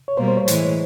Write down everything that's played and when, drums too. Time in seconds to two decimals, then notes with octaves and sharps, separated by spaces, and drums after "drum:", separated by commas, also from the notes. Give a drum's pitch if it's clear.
0.08 C#5
0.17 B2 G3 A#3 C5
0.28 C5
0.37 C#5
0.48 A2 E3 G#3, drum: hi-hat